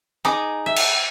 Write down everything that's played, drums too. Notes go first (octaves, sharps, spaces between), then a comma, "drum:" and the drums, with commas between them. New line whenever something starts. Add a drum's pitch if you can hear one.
D#4 G#4 A#5 D6
E5
drum: cymbal